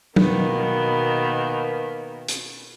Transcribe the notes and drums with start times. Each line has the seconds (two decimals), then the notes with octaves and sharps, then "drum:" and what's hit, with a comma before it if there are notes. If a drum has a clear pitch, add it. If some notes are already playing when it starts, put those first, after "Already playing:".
0.16 B2 D#3 A#3 B3, drum: tom
2.28 drum: hi-hat